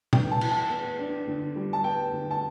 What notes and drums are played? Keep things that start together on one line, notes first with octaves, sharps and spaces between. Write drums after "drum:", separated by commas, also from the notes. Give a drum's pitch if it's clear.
B3 G5, drum: tom
A5
E3, drum: cymbal
A5
B3
D4
D3
G3
A5
B3 G5
D3
A5